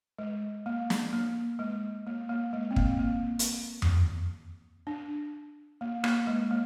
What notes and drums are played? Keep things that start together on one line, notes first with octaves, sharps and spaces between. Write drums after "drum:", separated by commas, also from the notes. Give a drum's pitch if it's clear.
G#3
A#3
drum: snare
A#3
G#3
A#3
A#3
G#3
C4
A#3, drum: kick
A#3
drum: hi-hat
drum: tom F2
D4
A#3
A#3, drum: rim click
G#3
A#3